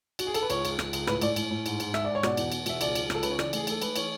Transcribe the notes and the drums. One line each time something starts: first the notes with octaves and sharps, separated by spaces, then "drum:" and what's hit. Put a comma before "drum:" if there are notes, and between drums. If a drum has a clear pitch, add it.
F#4, drum: cymbal
G#4
A4, drum: cymbal
B4
C#2 C#5, drum: cymbal
C#2, drum: cymbal
C#2, drum: rim click
C#2, drum: cymbal
A2 B4, drum: rim click
A2 D5, drum: cymbal
A2, drum: cymbal
A2
G#2, drum: cymbal
G#2, drum: cymbal
G#3 E5, drum: rim click
G#2 D5
C#5
B2 D5, drum: rim click
E2, drum: cymbal
E2, drum: cymbal
B2 E5, drum: cymbal
C#2 D5, drum: cymbal
F#3, drum: cymbal
C#2 A4, drum: rim click
C#3 B4, drum: cymbal
C#5
E3 D5, drum: rim click
A3 G#4, drum: cymbal
A3 A4, drum: cymbal
A3 B4, drum: cymbal
E3 C#5, drum: cymbal